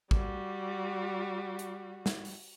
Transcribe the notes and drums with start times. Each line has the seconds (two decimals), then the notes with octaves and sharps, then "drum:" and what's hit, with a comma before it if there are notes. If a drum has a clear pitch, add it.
0.11 G3 F#4, drum: kick
1.59 drum: hi-hat
2.06 drum: snare
2.25 drum: open hi-hat